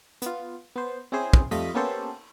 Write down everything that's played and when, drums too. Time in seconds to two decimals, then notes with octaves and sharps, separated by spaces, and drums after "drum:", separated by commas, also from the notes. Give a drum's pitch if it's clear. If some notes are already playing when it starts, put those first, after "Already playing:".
0.22 B3 F4, drum: hi-hat
0.76 B3 C5
1.12 C4 C#4 E4 G#4 C5
1.33 drum: kick
1.51 F2 G3 A3 F4 D#5 B6, drum: cymbal
1.74 A#3 B3 C#4 G4 A4 C5